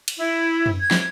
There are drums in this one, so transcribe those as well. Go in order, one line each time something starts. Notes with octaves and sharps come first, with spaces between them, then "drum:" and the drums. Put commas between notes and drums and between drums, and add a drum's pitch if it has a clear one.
drum: cymbal
E4
drum: tom
G#6
drum: snare